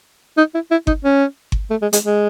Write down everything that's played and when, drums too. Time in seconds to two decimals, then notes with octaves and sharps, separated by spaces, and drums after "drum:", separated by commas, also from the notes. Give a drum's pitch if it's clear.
0.37 D#4
0.54 E4
0.71 E4
0.87 D#4, drum: kick G1
1.04 C#4
1.52 drum: kick G1
1.70 A3
1.82 G#3
1.93 G#3, drum: hi-hat
2.04 G#3